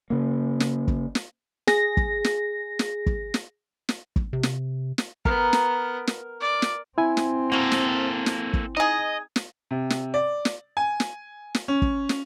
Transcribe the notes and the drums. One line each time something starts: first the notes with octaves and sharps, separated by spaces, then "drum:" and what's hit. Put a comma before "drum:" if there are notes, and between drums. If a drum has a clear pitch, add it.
C#3 A#3
drum: snare
drum: kick
drum: snare
G#4 A#6, drum: snare
drum: kick
drum: snare
drum: snare
drum: kick
drum: snare
drum: snare
drum: kick
C3
drum: snare
drum: snare
B3 A#4, drum: kick
drum: snare
drum: snare
D5
drum: snare
C4 E4 G#5
drum: snare
A#3 F#4 A4 A#4
drum: snare
drum: snare
drum: kick
D#4 G#4 D#5
drum: snare
C3
drum: snare
D5
drum: snare
G#5
drum: snare
drum: snare
C#4
drum: kick
drum: snare